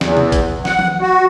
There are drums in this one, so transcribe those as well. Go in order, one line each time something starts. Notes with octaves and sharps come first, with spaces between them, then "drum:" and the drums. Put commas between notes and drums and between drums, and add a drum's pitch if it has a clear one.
E2, drum: snare
drum: tom C3
drum: kick A1, hi-hat
F#5, drum: snare
drum: tom E3
F#4